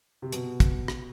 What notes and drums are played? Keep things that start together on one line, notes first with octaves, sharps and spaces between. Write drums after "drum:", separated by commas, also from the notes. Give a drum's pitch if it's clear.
C3
B2, drum: hi-hat
drum: kick, hi-hat
drum: rim click